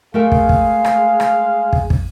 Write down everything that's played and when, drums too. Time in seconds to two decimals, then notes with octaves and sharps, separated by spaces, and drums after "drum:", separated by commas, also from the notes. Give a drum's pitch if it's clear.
0.14 G#3 A3 G#4 A#4 F5 G5
0.32 drum: kick
0.49 drum: kick
0.84 drum: rim click
1.20 drum: rim click
1.73 drum: kick
1.90 drum: kick